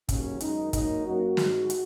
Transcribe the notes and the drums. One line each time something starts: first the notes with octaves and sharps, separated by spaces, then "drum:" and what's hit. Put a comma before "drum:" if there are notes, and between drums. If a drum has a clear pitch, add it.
D#2 C#3 F#3 C#4, drum: kick, hi-hat
F#2 D#3 G#3 D#4, drum: hi-hat
G#2 F#3 A#3 D#4, drum: kick, hi-hat
F#2 F#3 A#3 F#4
G#2 G#3, drum: snare
drum: hi-hat